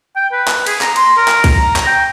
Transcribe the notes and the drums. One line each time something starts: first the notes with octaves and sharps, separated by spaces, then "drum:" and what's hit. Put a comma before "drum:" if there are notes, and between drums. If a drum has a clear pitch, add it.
G5
B4
drum: clap
G#4, drum: cymbal
A#5, drum: clap
C6, drum: cymbal
A#4
drum: clap
drum: kick B1, cymbal
A#5
drum: clap
G5